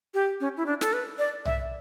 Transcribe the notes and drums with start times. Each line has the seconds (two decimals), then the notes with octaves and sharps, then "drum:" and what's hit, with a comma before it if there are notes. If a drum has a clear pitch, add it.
0.14 G4
0.40 C#4
0.57 E4
0.66 D4
0.81 A4, drum: snare
0.93 B4
1.19 D5
1.45 E5, drum: tom B1